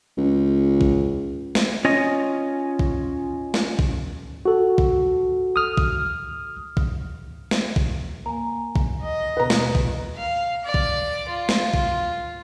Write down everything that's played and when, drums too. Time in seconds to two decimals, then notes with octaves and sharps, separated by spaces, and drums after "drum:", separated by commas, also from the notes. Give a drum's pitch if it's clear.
0.17 C#2
0.81 drum: kick
1.55 drum: snare
1.85 C#4 F4 C#5 D#5
2.79 drum: kick
3.54 drum: snare
3.79 drum: kick
4.45 F#4 A4
4.78 drum: kick
5.56 D#6 F6
5.77 drum: kick
6.77 drum: kick
7.51 drum: snare
7.76 drum: kick
8.26 A#3 G#5 A#5
8.76 drum: kick
9.02 D#5
9.37 D#2 B2 B4 A#5
9.50 drum: snare
9.75 drum: kick
10.16 F5
10.65 D5
10.74 drum: kick
11.29 F4
11.49 drum: snare
11.74 drum: kick